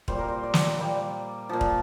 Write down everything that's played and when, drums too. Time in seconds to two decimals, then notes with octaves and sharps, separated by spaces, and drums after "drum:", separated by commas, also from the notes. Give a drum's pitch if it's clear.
0.08 A#2 G3 C5, drum: kick
0.18 A#4
0.28 C5
0.43 D5
0.54 drum: snare
0.78 A#2 G3
1.49 A#2 F3
1.61 drum: kick